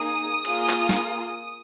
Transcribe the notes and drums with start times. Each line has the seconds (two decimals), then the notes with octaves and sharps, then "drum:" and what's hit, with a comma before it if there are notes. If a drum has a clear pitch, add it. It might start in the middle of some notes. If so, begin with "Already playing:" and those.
Already playing: A#3 D#4 G#4 D#6
0.45 A#3 F4 G#4, drum: cymbal
0.69 drum: clap
0.89 drum: snare